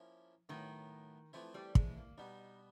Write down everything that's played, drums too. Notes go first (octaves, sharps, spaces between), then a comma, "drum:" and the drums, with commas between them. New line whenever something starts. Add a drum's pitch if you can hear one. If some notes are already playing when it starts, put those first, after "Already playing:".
Already playing: F3 A#3 C#4 E4
A2 D#3 F#3 B3
E3 F3 A3 C4 E4
G3
G#3, drum: kick
A#3
B2 G3 B3 D#4